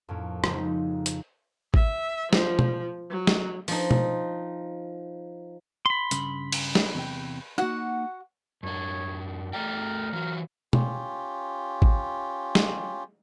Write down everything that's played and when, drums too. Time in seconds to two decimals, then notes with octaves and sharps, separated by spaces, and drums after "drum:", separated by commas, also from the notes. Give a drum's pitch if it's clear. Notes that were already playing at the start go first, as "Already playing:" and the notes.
0.09 F2 A2 A#3 C#4
0.44 C#3 F3 G#3 C4 D#4, drum: rim click
1.06 drum: hi-hat
1.74 E5, drum: kick
2.33 F3, drum: snare
2.59 drum: tom
3.10 F#3
3.27 drum: snare
3.68 F3 D#4, drum: open hi-hat
3.91 drum: tom
5.86 B5 C6
6.11 G2 C#3, drum: hi-hat
6.52 drum: cymbal
6.75 drum: snare
6.95 E2 C3 G5
7.58 A#3 D#4 F#4 F#5
8.63 F#2 D4 C#5
9.53 A3 A#4 D5 G5
10.13 E3 F#3 A#4
10.73 C#4 F4 G4, drum: tom
11.82 drum: kick
12.55 drum: snare